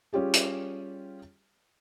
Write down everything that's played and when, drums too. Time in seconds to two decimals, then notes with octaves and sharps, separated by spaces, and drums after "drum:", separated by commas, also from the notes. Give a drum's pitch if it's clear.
0.13 G3 C#4 F4 G4 G#4
0.34 drum: hi-hat